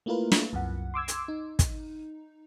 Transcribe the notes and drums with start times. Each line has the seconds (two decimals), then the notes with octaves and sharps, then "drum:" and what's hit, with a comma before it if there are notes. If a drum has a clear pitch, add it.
0.06 A3 A#3 E4 F4 A#4 B4
0.32 drum: snare
0.53 C2 F#2 C3 F#5
0.94 C6 D6 E6 G#6
1.08 drum: hi-hat
1.28 D#4
1.59 drum: kick, hi-hat